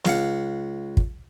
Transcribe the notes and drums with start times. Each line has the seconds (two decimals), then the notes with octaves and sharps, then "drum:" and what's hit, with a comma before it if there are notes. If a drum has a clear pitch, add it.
0.05 C#2 F5 F#5, drum: snare
0.97 drum: kick